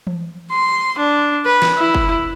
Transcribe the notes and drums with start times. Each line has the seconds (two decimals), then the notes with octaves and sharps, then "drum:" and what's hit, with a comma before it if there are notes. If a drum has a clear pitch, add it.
0.07 drum: tom E3
0.51 C6
0.99 D4
1.46 B4
1.62 drum: snare
1.77 E4
1.95 drum: kick F#1